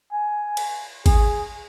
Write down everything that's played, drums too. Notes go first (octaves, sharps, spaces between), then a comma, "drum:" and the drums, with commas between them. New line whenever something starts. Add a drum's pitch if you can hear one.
G#5
drum: cymbal
G#4, drum: kick G#1, cymbal